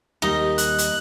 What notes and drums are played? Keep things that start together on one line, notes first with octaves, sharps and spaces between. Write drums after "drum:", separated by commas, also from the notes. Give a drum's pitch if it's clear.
D#2 G3 A#3 D#4 D#5
F#6, drum: hi-hat
drum: hi-hat